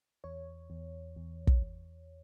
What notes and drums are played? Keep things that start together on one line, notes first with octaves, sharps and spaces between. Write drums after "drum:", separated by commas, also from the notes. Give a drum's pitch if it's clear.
E2 C#5
E2
E2
drum: kick
E2